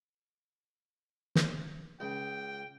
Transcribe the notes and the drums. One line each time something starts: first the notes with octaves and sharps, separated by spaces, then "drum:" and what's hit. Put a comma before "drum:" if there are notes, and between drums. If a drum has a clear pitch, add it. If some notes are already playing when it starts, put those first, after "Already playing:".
drum: snare
C#2 G5